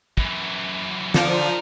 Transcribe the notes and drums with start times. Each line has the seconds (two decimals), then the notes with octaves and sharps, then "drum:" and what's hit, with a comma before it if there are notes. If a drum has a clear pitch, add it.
0.18 F#2 E3, drum: kick
1.14 D3 F3 D#4 A#4, drum: snare